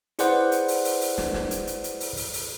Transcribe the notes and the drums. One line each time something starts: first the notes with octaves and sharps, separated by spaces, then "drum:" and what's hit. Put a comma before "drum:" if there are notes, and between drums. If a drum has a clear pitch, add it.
E4 G#4 B4 C5 D5 F#5, drum: hi-hat
drum: hi-hat
drum: open hi-hat
drum: open hi-hat
drum: open hi-hat
drum: snare
drum: snare
drum: hi-hat
drum: hi-hat
drum: hi-hat
drum: open hi-hat
drum: open hi-hat
drum: open hi-hat